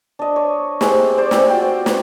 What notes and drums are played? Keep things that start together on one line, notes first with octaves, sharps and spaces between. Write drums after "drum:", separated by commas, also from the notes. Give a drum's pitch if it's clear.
D4 D#5
C#5
G#3 C4 G4, drum: snare
C5 D5
C4, drum: snare
F4 F#4 G5
drum: snare